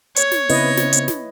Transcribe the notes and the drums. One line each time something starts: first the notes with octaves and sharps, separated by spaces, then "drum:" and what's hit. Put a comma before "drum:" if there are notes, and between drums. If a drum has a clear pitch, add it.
C#5, drum: hi-hat
drum: snare
C#3 B3 C4 E4 B4 D#5, drum: open hi-hat
drum: snare
drum: hi-hat
drum: snare